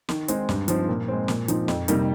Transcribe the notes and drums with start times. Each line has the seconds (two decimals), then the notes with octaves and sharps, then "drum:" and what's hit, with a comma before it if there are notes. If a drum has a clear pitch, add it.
0.09 D#3, drum: snare
0.28 G#3 C4 D#4, drum: hi-hat
0.49 G2, drum: snare
0.68 F3 C4 D#4, drum: hi-hat
0.89 A#2
1.08 G#3 C4
1.28 A#2, drum: snare
1.48 F3 C4 D#4, drum: hi-hat
1.68 F2, drum: snare
1.88 C3 G3 A#3 D#4, drum: hi-hat